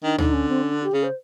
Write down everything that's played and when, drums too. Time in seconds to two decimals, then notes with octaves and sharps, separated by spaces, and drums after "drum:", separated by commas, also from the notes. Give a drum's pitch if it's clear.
0.03 D#3 D4
0.18 D3 D#4, drum: tom D2
0.33 C#4
0.49 C4
0.63 C#4
0.73 D4
0.84 G4
0.94 C#3 G#4
1.04 C5